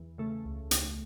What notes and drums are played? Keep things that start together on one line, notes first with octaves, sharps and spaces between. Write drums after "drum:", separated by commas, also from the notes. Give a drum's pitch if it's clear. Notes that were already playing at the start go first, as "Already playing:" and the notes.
Already playing: E2
C#3 A3
C#2
C#2, drum: hi-hat